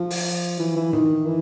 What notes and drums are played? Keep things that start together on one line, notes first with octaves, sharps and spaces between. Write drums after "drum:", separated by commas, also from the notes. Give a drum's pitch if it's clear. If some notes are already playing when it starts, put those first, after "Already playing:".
Already playing: F3
drum: open hi-hat
E3
E3
D#3, drum: tom G2
E3